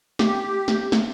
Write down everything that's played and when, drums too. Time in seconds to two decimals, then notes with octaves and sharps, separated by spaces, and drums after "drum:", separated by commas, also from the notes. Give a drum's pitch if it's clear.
0.19 G4, drum: snare
0.68 drum: snare
0.92 drum: snare